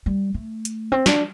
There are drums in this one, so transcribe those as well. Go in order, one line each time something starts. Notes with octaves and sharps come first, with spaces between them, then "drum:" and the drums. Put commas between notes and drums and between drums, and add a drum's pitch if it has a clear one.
G3
A3
drum: hi-hat
C4
D4, drum: snare